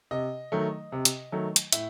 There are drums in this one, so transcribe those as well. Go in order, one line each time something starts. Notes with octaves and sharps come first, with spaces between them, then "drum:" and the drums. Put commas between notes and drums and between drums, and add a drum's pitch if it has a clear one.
C3 D#5
D#3 F#3 A3
C3
drum: hi-hat
D#3 F#3 A3
drum: hi-hat
A2 E5, drum: hi-hat